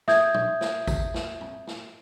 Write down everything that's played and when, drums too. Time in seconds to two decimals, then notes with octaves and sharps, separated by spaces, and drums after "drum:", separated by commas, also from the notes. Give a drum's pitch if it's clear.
0.08 E5 D#6 G6 G#6, drum: snare
0.34 drum: tom
0.61 drum: snare
0.87 drum: kick G#1, tambourine
1.14 drum: snare
1.41 drum: tom A2
1.67 drum: snare